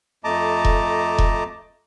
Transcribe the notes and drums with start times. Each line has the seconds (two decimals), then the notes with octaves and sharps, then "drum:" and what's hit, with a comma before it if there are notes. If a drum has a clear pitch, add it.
0.24 F2 A3 D#5 A5 A#5 D6
0.65 drum: kick E1
1.18 drum: kick E1